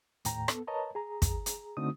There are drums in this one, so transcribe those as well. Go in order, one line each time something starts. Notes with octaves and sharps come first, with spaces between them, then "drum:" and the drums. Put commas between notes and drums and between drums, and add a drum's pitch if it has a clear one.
D#2 A2 G5 A#5, drum: hi-hat
B3 A4, drum: rim click
A#4 B4 C#5 D#5 A5 A#5
G#4 A#5
drum: kick, hi-hat
drum: hi-hat
D3 A3 C4 D#4 F#4 D#6